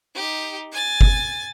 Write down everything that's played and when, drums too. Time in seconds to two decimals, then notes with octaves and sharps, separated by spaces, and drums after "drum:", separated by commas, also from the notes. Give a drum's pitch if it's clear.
0.15 D#4 G4
0.72 G#5 A6
1.01 drum: kick G1